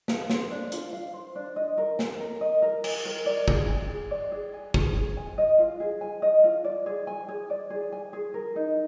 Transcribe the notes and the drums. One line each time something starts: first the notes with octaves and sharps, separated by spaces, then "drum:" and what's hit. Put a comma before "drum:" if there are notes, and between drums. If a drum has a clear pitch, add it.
F5, drum: snare
C5, drum: snare
D4
F4, drum: hi-hat
F5
C5
D4
D#5
A#4
G#5, drum: snare
A#4
D#5
A#4
G#5, drum: cymbal
A#4
D5
G#4, drum: kick
G#5
G#4
D5
G#4
G#5
G#4, drum: kick
G#4
G#5
D#5
F4
G#4
G#5
D#5
F4
D5
G#4
G#5
G#4
D5
G#4
G#5
G#4
A#4
D#4